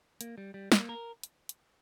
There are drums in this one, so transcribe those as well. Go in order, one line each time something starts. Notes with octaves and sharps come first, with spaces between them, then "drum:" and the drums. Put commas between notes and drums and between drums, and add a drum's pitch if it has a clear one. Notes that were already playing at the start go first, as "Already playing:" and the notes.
A#3, drum: hi-hat
G3
G3
A#3, drum: snare
A#4
drum: hi-hat
drum: hi-hat